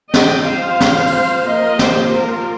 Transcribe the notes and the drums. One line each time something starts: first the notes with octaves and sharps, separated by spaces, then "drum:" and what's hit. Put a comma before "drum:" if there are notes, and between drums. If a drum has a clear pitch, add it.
F3 C4 D#5 G5, drum: snare
C5 F5
drum: snare
drum: open hi-hat
F3 A#3 A#4 D#5
G4 C5, drum: snare
F4 A#4